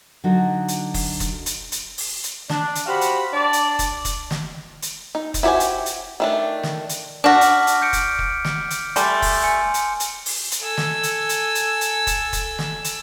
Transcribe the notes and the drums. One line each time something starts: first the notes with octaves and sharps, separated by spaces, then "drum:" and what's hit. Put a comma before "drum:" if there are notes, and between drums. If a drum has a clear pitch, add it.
D3 F#3 D#4 F#4
drum: hi-hat
drum: kick, open hi-hat
drum: kick, hi-hat
drum: hi-hat
drum: hi-hat
drum: open hi-hat
drum: hi-hat
D4, drum: snare
drum: hi-hat
F#4 G4 C5 F5 F#5 B5
drum: hi-hat
D4 D5 A5
drum: hi-hat
drum: kick, hi-hat
drum: kick, hi-hat
drum: snare
drum: hi-hat
D#4
drum: kick, hi-hat
E4 F#4 G4 C5 G#5
drum: hi-hat
drum: hi-hat
D#3 A3 D4
drum: snare
drum: hi-hat
D4 F#4 D6 F6 B6
drum: hi-hat
drum: hi-hat
G6 C#7 D7
drum: kick, hi-hat
drum: kick
drum: snare
drum: hi-hat
G3 A3 G#5 C6 G6, drum: hi-hat
drum: kick, open hi-hat
G#5 C#7
drum: hi-hat
drum: hi-hat
drum: open hi-hat
drum: hi-hat
A4 G#5 E6
drum: snare
drum: hi-hat
drum: hi-hat
drum: hi-hat
drum: hi-hat
drum: kick, hi-hat
drum: kick, hi-hat
drum: snare
drum: hi-hat